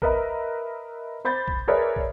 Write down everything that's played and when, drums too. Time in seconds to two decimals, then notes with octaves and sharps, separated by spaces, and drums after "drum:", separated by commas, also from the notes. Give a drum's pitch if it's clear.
0.02 A#4 B4 D#5 E5 A#5, drum: kick
1.25 C5 B5 G6 A6
1.48 drum: kick
1.68 G#4 A#4 B4 C#5 D5 E5
1.96 drum: kick